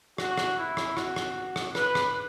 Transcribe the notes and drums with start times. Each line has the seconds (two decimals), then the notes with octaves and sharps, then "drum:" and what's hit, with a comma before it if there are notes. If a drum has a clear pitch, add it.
0.18 F#4, drum: rim click
0.38 drum: rim click
0.58 E4
0.77 drum: rim click
0.97 F#4, drum: rim click
1.16 drum: rim click
1.56 drum: rim click
1.75 B4, drum: rim click
1.95 drum: rim click